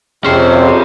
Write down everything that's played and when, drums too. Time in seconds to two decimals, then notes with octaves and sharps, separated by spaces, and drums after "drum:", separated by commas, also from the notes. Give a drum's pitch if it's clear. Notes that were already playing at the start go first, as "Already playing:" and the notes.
0.24 F2 C3 C4 C#4 G#4 C5
0.52 drum: cymbal